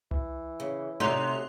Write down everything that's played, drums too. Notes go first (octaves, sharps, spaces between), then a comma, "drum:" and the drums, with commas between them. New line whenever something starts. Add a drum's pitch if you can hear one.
E3, drum: tom C2
C#3
C3 A3 C#4 D#4 F#4 C6 F#6 F7